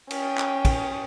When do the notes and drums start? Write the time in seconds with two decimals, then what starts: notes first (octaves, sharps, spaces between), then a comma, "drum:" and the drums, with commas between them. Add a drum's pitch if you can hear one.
0.11 C#4 G5, drum: cymbal
0.38 drum: clap
0.65 drum: kick, cymbal